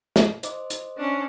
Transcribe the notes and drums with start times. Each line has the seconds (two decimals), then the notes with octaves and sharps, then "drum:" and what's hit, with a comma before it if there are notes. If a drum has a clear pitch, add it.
0.16 drum: snare
0.43 C5 D#5 D6, drum: hi-hat
0.70 drum: hi-hat
0.97 C#4 D4